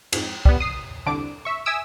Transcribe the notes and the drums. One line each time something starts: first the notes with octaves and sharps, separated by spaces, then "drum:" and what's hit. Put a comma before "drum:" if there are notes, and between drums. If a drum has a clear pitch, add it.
F2 G#2, drum: cymbal
G3 B3, drum: kick C2
D#6 C7
C2 D3 D4 D6 D7
E5 C#6
E5 G#5 D#6 E6 D7